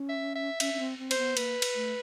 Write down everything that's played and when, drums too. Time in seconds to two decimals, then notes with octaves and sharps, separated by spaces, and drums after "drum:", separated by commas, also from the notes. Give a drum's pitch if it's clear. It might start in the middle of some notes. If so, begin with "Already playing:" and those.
Already playing: C#4
0.09 E5
0.35 E5
0.60 C#4 E5, drum: cymbal
0.74 C#4
0.79 C4
0.98 C4
1.11 C5, drum: cymbal
1.18 B3
1.37 A#3 B4, drum: cymbal
1.62 drum: cymbal
1.75 A3